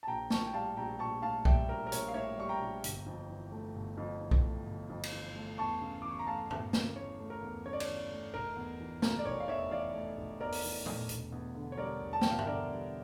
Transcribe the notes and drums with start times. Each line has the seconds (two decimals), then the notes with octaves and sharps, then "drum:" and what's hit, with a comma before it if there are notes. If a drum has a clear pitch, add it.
0.03 A5
0.07 A#1 G5 A#5
0.30 A2 A5 C#6, drum: snare A#3
0.47 G5
0.54 G3 F5 A5
0.77 A#1 G5 A#5
0.99 A#1 A5 C#6
1.22 A2 F5 A5
1.45 G3 E5 G5, drum: kick B1
1.69 A#1 A#4
1.87 A#4
1.92 A#1 C#5, drum: hi-hat
2.08 F5
2.14 A2 C#5 E5
2.38 G3 C#6
2.49 G5 A#5
2.60 A#1
2.84 G1, drum: hi-hat
3.06 F2
3.30 E3
3.52 A3
3.76 G1
3.98 F2
4.21 E3
4.31 drum: kick B1
4.44 A3
4.66 G1
4.90 F2
5.03 drum: cymbal
5.13 E3
5.36 A3
5.58 E2 A5 C#6
5.81 C#3
6.02 E3 D6
6.11 C#6
6.19 A#5
6.27 A3 F5 A5
6.51 E2, drum: tom G2
6.73 C#3, drum: snare A#3
6.96 E3 C#5
7.20 A3
7.30 A#4
7.42 E2
7.66 C#3 C#5
7.73 D5
7.80 C#5, drum: cymbal
7.89 E3
8.11 A3
8.34 F1 A#4
8.56 E2
8.80 E3
9.02 A3 A#4, drum: snare A#3
9.19 D5
9.25 F1 C#5
9.40 F5
9.48 E2 C#5 E5
9.71 E3 D5 F5
9.94 A3
10.18 F1
10.40 E2 A#4 D5
10.52 drum: open hi-hat
10.64 E3
10.86 A3, drum: tom
11.09 E1, drum: hi-hat
11.32 E2
11.55 D3
11.72 C#5
11.78 G3 A#4 D5
12.02 E1
12.13 A5
12.21 E2 G5, drum: snare A#3
12.31 F5
12.39 E5, drum: tom G2
12.46 D3 A#4 D5
12.70 G3